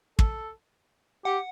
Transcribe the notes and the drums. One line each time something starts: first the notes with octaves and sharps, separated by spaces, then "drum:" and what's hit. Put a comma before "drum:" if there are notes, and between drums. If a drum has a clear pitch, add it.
A4, drum: kick
G4 F#5